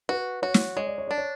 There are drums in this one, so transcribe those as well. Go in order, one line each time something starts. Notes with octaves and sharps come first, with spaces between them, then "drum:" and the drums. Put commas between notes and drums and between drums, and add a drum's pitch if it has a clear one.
F#4 B4
F#4 C#5
drum: snare
G#3 C#5
D5
C#5
D4 D5
C#5